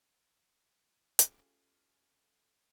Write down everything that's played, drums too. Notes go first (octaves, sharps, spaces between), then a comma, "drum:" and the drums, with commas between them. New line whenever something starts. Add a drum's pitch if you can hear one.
A3 C#4 F4 G4 G#4, drum: hi-hat